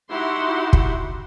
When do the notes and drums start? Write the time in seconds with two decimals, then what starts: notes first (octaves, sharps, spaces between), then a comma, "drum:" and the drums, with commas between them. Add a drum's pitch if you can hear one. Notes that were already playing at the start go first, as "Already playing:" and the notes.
0.11 D#4 E4 F#4 G4 F#5 C6
0.73 drum: kick